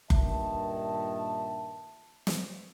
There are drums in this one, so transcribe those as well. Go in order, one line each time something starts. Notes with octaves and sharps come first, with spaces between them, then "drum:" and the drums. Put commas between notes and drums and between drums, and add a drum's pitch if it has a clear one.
G2 A#2 D#3 E5 A5, drum: kick F#1
drum: snare